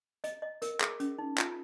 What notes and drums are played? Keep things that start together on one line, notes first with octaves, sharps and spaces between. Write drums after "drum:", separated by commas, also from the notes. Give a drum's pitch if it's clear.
D#5, drum: hi-hat
D#5
A#4, drum: hi-hat
G#4, drum: clap
C#4, drum: hi-hat
D#4
F4, drum: clap